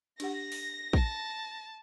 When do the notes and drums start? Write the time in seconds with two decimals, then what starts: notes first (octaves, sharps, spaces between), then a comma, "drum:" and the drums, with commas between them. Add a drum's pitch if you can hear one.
0.20 D4 G4 F#5 A#6, drum: cymbal
0.52 drum: open hi-hat
0.93 A5, drum: kick